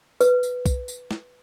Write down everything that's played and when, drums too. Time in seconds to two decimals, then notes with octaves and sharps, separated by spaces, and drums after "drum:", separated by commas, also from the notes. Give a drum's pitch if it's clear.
0.21 B4, drum: tambourine
0.43 drum: tambourine
0.66 drum: kick, tambourine
0.88 drum: tambourine
1.11 drum: snare